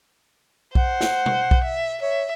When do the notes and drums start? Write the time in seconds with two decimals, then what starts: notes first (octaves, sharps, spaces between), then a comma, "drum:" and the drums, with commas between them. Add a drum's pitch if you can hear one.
0.75 C5 F#5, drum: kick B1
1.01 drum: snare
1.26 drum: tom
1.51 drum: kick B1
1.64 E5
2.02 C#5 E5